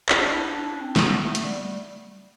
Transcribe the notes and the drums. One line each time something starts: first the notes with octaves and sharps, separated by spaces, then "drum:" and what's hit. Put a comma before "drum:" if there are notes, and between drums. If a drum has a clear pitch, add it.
drum: clap
D4
E4
D4
D4
D4
C4
A3, drum: snare
B3
A3
A3, drum: hi-hat
G3